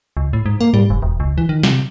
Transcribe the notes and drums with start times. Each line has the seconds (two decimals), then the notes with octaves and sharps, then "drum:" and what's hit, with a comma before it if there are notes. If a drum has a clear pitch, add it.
0.17 C#2
0.33 A2
0.46 G#2
0.61 A#3
0.74 G3, drum: tom G#2
0.90 F1
1.02 E1
1.20 C#2
1.38 E3
1.49 D#3
1.64 C3, drum: snare